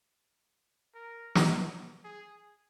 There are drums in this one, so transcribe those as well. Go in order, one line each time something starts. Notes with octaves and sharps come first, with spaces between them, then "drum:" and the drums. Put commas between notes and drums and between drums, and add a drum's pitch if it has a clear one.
A#4
drum: snare
G#4